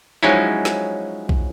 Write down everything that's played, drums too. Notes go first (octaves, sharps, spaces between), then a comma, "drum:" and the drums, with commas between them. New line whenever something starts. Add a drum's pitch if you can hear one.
F3 F#3 G#3 C#4 D#4 E4
drum: snare
drum: kick B1